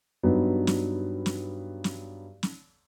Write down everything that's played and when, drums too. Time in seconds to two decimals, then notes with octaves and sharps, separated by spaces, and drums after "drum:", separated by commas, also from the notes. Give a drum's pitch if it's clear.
0.23 G2 F#3 B3 D#4
0.67 drum: snare
1.26 drum: snare
1.84 drum: snare
2.43 drum: snare